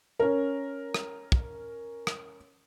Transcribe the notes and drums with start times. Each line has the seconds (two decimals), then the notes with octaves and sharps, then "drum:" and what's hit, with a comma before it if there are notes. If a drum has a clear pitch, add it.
0.19 C#4 A#4
0.94 drum: rim click
1.32 drum: kick
2.07 drum: rim click